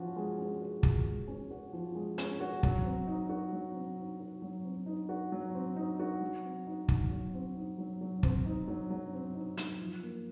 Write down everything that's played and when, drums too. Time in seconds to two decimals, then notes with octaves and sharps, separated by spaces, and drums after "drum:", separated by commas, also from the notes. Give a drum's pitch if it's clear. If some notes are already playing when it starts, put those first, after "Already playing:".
Already playing: F3 C#4 F#4
0.16 G#3
0.38 C#4
0.61 F#4
0.83 F3, drum: kick
1.06 G#3
1.28 C#4
1.50 F#4
1.73 F3
1.95 G#3
2.18 C#4, drum: hi-hat
2.40 F#4
2.63 F#3, drum: kick
2.85 C4
3.07 D#4
3.29 F#4
3.53 F#3
3.74 C4
3.98 D#4
4.20 F#4
4.42 F#3
4.64 C4
4.86 D#4
5.09 F#4
5.32 F#3
5.54 C4
5.76 D#4
6.00 F#4
6.21 F#3
6.44 C4
6.67 D#4
6.88 F#3, drum: kick
7.11 F#3
7.34 C4
7.56 D#4
7.78 F#3
8.01 F#3
8.23 C4, drum: kick
8.46 D#4
8.68 F#3
8.90 F#3
9.13 C4
9.35 D#4
9.57 F#3, drum: hi-hat
9.81 F3
10.03 A#3